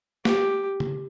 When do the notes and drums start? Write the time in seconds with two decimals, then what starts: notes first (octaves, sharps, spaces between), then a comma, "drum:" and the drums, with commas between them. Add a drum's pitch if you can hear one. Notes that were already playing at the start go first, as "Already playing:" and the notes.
0.25 G4, drum: snare
0.80 drum: tom C#3